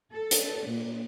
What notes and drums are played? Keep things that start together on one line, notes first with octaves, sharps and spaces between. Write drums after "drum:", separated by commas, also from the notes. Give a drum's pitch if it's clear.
A4
drum: hi-hat
A#2